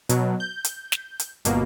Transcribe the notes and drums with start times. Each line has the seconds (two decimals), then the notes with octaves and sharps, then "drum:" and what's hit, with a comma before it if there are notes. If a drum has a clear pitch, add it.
0.09 B2 F#3, drum: hi-hat
0.40 G6
0.64 drum: hi-hat
0.92 drum: snare
1.20 drum: hi-hat
1.45 G1 B2 A#3, drum: hi-hat